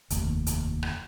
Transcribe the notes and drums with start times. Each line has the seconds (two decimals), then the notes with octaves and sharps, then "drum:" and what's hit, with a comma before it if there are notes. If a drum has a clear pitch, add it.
0.10 F1 D#2, drum: hi-hat
0.47 drum: hi-hat
0.83 drum: rim click